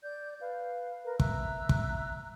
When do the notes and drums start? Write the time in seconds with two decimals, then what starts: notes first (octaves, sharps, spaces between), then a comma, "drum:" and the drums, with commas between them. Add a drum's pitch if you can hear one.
0.03 D5 G6
0.40 B4 F5
1.05 A#4 B4
1.20 E5 A#5 E6 F#6, drum: kick
1.69 drum: kick